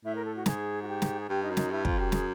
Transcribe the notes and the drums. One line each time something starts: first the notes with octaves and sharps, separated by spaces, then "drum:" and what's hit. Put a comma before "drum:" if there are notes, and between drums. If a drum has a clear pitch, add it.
A2 E5
A#4
A4
F#4
G#2 G#4, drum: snare
F#4
G4
drum: snare
G#4
G2 G4
D#4
F#2
D#4, drum: snare
G2 E4
F2 F4, drum: kick
F#2 G4
G#4, drum: snare